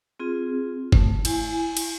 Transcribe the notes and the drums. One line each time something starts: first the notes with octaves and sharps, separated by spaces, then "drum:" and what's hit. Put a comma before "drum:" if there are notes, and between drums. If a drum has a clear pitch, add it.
C4 F4 G#4
A3, drum: kick
E4 G#5, drum: cymbal
drum: cymbal